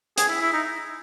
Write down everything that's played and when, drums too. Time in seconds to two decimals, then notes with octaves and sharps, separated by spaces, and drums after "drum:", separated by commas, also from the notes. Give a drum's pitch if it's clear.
0.18 G#4, drum: hi-hat
0.29 E4
0.42 E4
0.53 D#4